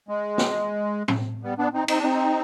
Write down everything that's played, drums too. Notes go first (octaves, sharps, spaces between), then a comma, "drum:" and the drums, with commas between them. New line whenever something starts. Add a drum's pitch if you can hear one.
G#3
drum: snare
drum: tom A2
G3 B3
B3 D4
C4 D#4
C4 D#4, drum: cymbal
D4
C4 D#4